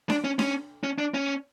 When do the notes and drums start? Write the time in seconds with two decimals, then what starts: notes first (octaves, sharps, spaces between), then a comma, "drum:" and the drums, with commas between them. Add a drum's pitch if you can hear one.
0.10 D4, drum: snare D4
0.24 C#4
0.39 C#4, drum: snare D4
0.84 C#4
0.98 D4
1.14 C#4